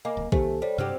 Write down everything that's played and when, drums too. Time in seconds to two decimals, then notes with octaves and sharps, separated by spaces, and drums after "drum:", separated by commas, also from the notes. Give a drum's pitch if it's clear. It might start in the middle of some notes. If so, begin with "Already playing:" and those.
0.05 A#3 D#5 G#5 D6
0.17 D1
0.32 C2 D#3 A3 A#3 G4 C5 G#5, drum: kick A#1
0.62 G3 C5 C#5
0.78 G2 C3 F#3 C4 G4 F6